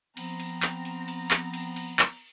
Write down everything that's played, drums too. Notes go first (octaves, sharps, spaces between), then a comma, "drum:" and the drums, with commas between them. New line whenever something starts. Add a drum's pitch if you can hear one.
F3 B3 C4 A#5, drum: cymbal
drum: cymbal
drum: clap
drum: cymbal
drum: cymbal
drum: clap
drum: cymbal
drum: cymbal
drum: clap